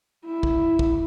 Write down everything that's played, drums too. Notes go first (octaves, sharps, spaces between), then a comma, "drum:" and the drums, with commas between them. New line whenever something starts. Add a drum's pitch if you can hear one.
E4
drum: kick
drum: kick